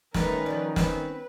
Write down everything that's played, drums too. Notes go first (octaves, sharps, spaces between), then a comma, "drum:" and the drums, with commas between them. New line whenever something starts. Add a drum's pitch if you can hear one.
D#3 A3 C#4 A#4 B4, drum: snare
F3 D5
B3 C4 B4 C5, drum: snare